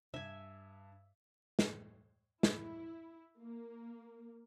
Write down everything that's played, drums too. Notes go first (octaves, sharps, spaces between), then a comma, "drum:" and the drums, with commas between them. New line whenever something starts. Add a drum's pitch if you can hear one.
G2 C3 E5 G#5
drum: snare
E4, drum: snare
A#3